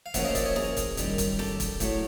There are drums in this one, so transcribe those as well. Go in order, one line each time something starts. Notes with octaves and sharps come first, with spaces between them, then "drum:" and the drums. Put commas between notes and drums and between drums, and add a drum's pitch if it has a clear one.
F5
D2 C#3 F3 A#3 C#4 E5 F#5, drum: kick, hi-hat
D#5 F5
D5 E5, drum: kick, hi-hat
C#5 D#5
G#4 A#4, drum: snare
drum: kick, hi-hat
F#2 D#3 G3, drum: kick, hi-hat
drum: kick, hi-hat
G4 A4, drum: snare
drum: kick, hi-hat
A2 F#3 A3, drum: kick, hi-hat